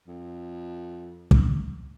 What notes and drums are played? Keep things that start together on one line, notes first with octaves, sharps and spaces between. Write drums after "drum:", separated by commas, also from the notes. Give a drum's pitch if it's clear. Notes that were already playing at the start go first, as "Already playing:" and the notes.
F2
drum: kick